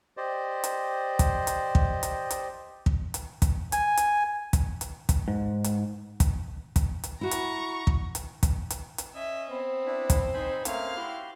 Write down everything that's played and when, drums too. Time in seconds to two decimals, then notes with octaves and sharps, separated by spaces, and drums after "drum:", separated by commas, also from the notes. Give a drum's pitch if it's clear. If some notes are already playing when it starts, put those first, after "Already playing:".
0.17 G4 C5 D5 D#5
0.64 drum: hi-hat
1.19 drum: kick, hi-hat
1.47 drum: hi-hat
1.75 drum: kick
2.03 drum: hi-hat
2.30 drum: hi-hat
2.86 drum: kick
3.14 drum: hi-hat
3.42 drum: kick, hi-hat
3.72 G#5, drum: hi-hat
3.97 drum: hi-hat
4.53 drum: kick, hi-hat
4.81 drum: hi-hat
5.09 drum: kick, hi-hat
5.28 G#2
5.64 drum: hi-hat
6.20 drum: kick, hi-hat
6.76 drum: kick, hi-hat
7.04 drum: hi-hat
7.21 E4 F#4 A#5 C#6
7.31 drum: hi-hat
7.87 drum: kick
8.15 drum: hi-hat
8.43 drum: kick, hi-hat
8.70 drum: hi-hat
8.98 drum: hi-hat
9.14 C#4 D#5 E5
9.50 B3 C4
9.86 D4 E4
10.10 drum: kick, hi-hat
10.34 D#4 C5 G#5 B5
10.65 A3 A#3 C4 C#4 F5 F6, drum: hi-hat
10.96 E4 F#4 G4 C6